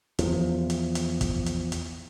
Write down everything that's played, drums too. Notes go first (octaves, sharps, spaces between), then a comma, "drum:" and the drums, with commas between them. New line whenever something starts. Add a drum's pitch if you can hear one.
E2 F3, drum: hi-hat
drum: hi-hat
drum: hi-hat
drum: kick, hi-hat
drum: hi-hat
drum: hi-hat